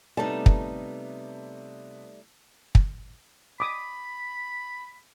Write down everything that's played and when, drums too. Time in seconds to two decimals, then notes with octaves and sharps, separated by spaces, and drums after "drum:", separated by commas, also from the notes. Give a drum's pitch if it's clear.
0.17 C3 G3 A3 B3 D#4 A5
0.46 drum: kick
2.75 drum: kick
3.60 B5 D6 D#6